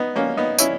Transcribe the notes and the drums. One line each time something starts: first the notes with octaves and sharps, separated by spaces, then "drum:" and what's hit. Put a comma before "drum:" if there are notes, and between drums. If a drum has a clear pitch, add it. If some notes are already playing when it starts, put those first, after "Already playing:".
Already playing: B3 D#4
A#3 C#4
B3 D#4
C#4 E4, drum: tambourine